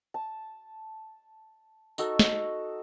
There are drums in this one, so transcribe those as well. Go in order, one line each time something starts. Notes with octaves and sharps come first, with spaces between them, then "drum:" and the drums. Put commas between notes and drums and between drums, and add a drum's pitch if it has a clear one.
A5
D#4 F#4 A4, drum: tambourine
drum: snare